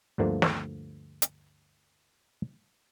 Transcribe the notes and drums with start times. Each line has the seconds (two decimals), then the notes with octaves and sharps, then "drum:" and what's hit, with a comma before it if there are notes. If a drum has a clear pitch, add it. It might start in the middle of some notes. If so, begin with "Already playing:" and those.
0.18 D2 G2 D3 F3 A3 A#3
0.42 drum: snare
1.22 drum: hi-hat